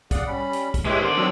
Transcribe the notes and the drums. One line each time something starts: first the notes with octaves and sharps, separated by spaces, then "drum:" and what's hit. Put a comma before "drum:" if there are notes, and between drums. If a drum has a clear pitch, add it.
G#4 D5 F5 F#5, drum: kick B1, hi-hat
G3 C#4 B5
drum: hi-hat
drum: kick B1, hi-hat
G#3 E4 G4 B4 C#5 E5
D3 D#3 C5 D5
F#3 C4 D4 E6